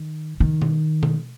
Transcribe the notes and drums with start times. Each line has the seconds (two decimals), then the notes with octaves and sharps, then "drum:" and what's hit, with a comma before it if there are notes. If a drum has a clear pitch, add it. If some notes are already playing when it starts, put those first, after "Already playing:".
Already playing: D#3
0.40 D#3
0.62 drum: tom B2
1.03 drum: tom B2